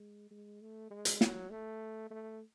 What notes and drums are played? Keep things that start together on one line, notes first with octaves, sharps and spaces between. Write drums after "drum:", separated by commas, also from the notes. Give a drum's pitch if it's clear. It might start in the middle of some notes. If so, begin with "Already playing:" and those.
Already playing: G#3
G#3
A3
G#3
drum: hi-hat
F#3, drum: snare
A3
A3